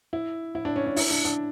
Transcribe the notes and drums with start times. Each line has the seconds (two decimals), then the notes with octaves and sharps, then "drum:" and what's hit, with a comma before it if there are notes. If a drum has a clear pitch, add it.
0.13 E4
0.55 E4
0.65 D4
0.76 C#4
0.86 D4
0.96 E4, drum: open hi-hat
1.11 D4
1.25 D4